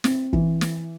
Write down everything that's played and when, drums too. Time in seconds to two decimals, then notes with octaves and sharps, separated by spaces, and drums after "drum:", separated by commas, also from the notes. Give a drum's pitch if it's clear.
0.04 C4, drum: snare
0.33 E3, drum: kick
0.61 drum: snare